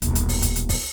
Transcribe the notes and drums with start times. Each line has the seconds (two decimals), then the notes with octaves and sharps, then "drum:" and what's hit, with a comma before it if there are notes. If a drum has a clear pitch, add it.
0.02 D#1 B1, drum: hi-hat
0.15 drum: hi-hat
0.29 drum: open hi-hat
0.42 drum: kick, hi-hat
0.56 drum: hi-hat
0.69 drum: kick, open hi-hat